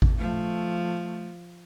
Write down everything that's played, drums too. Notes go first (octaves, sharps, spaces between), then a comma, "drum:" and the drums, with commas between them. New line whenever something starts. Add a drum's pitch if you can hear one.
drum: kick G#1
F3 A3